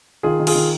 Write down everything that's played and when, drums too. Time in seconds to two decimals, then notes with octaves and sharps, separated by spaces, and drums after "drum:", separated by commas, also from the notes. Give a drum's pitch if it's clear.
0.23 D#3 F4 G#4
0.40 D#3
0.47 F4 G#4, drum: cymbal
0.55 D#3